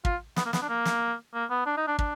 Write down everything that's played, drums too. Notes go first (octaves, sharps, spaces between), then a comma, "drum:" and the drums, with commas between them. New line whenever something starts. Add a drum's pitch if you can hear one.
F4, drum: kick
B3, drum: snare
A#3
B3, drum: snare
D4
A#3
drum: snare
A#3
B3
D4
D#4
D4
D4, drum: kick